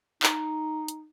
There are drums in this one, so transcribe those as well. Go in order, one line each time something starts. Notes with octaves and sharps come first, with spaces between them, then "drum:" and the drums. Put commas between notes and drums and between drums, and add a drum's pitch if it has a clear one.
D#4, drum: clap
drum: hi-hat